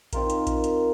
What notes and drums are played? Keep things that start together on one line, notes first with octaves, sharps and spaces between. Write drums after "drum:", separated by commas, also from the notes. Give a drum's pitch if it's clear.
D#3 C4 F4 A#4, drum: kick A#1, hi-hat
drum: hi-hat
drum: kick A#1, hi-hat
drum: hi-hat